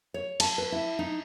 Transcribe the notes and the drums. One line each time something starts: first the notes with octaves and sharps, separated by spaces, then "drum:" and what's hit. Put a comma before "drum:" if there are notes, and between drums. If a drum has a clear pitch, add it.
C#5
A5, drum: cymbal
B4
E4
D#4